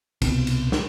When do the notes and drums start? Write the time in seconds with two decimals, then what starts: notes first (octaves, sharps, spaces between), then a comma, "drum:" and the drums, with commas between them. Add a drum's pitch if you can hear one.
0.22 C2 B2, drum: kick, cymbal
0.47 drum: cymbal
0.72 drum: snare